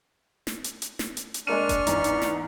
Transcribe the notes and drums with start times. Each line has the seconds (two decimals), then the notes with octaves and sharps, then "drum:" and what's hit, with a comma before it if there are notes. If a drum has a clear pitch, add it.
0.47 drum: snare
0.64 drum: hi-hat
0.82 drum: hi-hat
0.99 drum: snare
1.17 drum: hi-hat
1.34 drum: hi-hat
1.47 G#3 A#3 D4 C#6 F6 D#7
1.69 drum: kick F1, hi-hat
1.87 E2 G#2, drum: hi-hat
2.04 drum: hi-hat
2.22 drum: snare